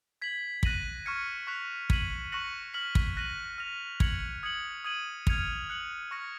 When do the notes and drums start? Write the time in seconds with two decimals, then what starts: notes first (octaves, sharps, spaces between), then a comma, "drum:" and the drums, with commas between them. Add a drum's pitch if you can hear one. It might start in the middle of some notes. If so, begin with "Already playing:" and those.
0.22 G#6 B6 F#7
0.63 F#6 A#6 D#7 F#7, drum: kick
1.06 C#6 F6 G#6 C#7
1.47 C#6 F#6 B6 F7
1.90 G#6 B6 D#7 F#7, drum: kick
2.32 C#6 F#6 A#6 C#7 F#7
2.74 F6 B6 F#7
2.95 drum: kick
3.17 F#6 A#6 D#7 F#7
3.58 F6 A#6 F7
4.00 G#6 C#7 F#7, drum: kick
4.43 D#6 G#6 C#7 F#7
4.84 D#6 G#6 D#7 F#7
5.27 F6 G#6 C#7 F7, drum: kick
5.70 F#6 C#7 F#7
6.11 C#6 F6 A#6 C#7